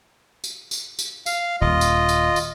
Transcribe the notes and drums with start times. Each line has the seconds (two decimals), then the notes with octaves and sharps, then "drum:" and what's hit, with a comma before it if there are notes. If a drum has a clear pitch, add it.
0.44 drum: tambourine
0.71 drum: tambourine
0.99 drum: tambourine
1.26 F5, drum: tambourine
1.61 D#1 F4 D#5
1.81 drum: tambourine
2.09 drum: tambourine
2.36 drum: tambourine